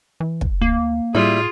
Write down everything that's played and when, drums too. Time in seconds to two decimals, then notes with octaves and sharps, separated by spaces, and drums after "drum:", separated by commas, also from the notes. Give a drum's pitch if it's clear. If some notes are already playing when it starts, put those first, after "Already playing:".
0.20 E3
0.41 drum: kick
0.61 D2 A#3
1.15 A2 G3 E4 F4 G#4